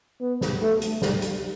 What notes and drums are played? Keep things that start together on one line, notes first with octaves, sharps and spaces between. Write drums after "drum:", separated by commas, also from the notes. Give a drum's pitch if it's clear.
B3
drum: snare
A3
drum: hi-hat
G3, drum: snare
drum: hi-hat